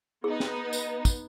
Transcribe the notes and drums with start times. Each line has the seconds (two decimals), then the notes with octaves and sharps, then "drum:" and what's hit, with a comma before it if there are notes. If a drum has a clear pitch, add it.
0.24 B3 D#4 G#4
0.40 drum: snare
0.73 drum: tambourine
1.05 drum: kick, tambourine